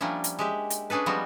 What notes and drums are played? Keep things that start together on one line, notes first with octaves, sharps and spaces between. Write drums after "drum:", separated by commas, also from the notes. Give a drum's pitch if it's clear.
F3 G3 A#3 C#4 D4 E4
drum: hi-hat
G#3 G4 E5
drum: hi-hat
C#4 D4 G#4 A4 B4
F3 G3 G#3 B3 C4 F#4